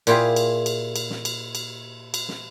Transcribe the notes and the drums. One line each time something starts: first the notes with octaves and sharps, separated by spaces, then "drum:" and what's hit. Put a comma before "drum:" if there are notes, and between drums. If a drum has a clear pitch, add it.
A#2 E4 F4 G4 G#4, drum: cymbal
drum: cymbal
drum: cymbal
drum: cymbal
drum: snare
drum: cymbal
drum: cymbal
drum: cymbal
drum: snare